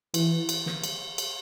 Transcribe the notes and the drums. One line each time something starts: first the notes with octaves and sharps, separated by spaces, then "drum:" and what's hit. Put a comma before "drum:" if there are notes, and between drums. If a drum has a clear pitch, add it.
E3, drum: cymbal
drum: cymbal
drum: snare
drum: cymbal
drum: cymbal